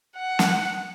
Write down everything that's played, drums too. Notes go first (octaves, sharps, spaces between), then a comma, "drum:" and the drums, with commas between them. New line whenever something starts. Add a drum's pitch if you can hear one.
F#5
drum: snare